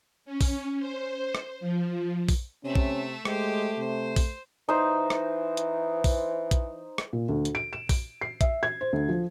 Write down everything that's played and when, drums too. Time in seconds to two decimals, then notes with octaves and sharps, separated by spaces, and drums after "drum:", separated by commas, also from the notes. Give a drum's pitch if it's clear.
0.25 C#4
0.41 drum: kick A#1, open hi-hat
0.79 C5
1.35 drum: rim click
1.60 F3
2.29 drum: kick A#1, open hi-hat
2.64 C3 A3 C#4 E5
2.75 drum: kick A#1
3.25 G#3 A3 G4 C5, drum: rim click
3.78 C3 C5
4.16 drum: kick A#1, open hi-hat
4.69 E3 D#4 C5
5.10 drum: rim click
5.57 drum: hi-hat
6.04 drum: kick A#1, open hi-hat
6.51 drum: kick A#1, hi-hat
6.98 drum: rim click
7.13 A#2
7.29 D2
7.45 drum: hi-hat
7.55 D7
7.73 E7
7.89 D7, drum: kick A#1, open hi-hat
8.21 C7
8.41 E5, drum: kick A#1, hi-hat
8.63 G#6
8.81 C5
8.93 D2
9.09 F3